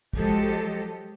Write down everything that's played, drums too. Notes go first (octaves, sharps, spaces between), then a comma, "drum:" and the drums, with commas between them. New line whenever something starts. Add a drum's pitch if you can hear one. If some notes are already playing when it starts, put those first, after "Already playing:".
F3 F#3 G#3 G4 A4 D#5, drum: kick